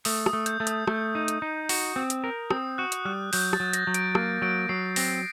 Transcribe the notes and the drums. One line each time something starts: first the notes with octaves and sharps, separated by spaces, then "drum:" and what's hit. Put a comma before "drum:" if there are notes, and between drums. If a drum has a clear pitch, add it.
A3 D#6, drum: open hi-hat
D#6, drum: rim click
A3
G6, drum: hi-hat
A3
D#6, drum: hi-hat
A3, drum: rim click
D#4
drum: hi-hat
D#4
F#4, drum: open hi-hat
C4
drum: hi-hat
A#4
C4 D#6, drum: rim click
F#4 F#6
drum: hi-hat
G3 F#6
F#3 G6, drum: open hi-hat
A6, drum: rim click
F#3
A#6, drum: hi-hat
F#3
D7, drum: hi-hat
A#3, drum: rim click
F#3 D7
F#3 C7
C4 A#6, drum: open hi-hat